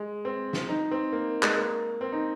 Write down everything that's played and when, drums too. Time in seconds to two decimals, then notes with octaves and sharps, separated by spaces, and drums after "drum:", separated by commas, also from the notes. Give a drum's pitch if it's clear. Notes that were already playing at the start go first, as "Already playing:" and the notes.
Already playing: G#3
0.25 C4
0.53 drum: snare
0.69 D#4
0.91 C4
1.12 A#3
1.43 G#3, drum: clap
1.57 A#3
2.01 C4
2.12 D#4